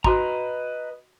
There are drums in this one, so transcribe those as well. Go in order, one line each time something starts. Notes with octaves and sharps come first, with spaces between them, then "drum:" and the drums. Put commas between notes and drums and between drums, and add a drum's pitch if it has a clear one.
F#4 B4 D#5 A#5 C6, drum: kick